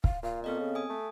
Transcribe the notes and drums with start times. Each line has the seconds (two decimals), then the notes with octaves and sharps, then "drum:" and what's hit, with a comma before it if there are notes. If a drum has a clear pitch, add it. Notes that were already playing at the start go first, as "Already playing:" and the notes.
0.04 F5, drum: kick
0.23 A#2 F5
0.44 B3 C4 A4 D#5
0.60 C#3
0.75 G#5 D#6
0.89 A3